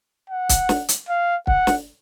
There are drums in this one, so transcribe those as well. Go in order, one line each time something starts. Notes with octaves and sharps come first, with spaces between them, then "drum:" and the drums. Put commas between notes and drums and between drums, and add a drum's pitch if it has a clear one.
F#5
drum: kick, hi-hat
drum: snare
drum: hi-hat
F5
F#5, drum: kick
drum: snare